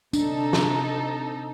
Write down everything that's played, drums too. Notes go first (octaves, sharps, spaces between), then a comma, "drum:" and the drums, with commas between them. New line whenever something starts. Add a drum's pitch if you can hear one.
C3 D4 D#4 A4, drum: tambourine
drum: snare